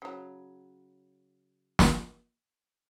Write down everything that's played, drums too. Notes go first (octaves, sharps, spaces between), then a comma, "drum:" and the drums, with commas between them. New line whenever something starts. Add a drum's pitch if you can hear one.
C#3 F#3
drum: snare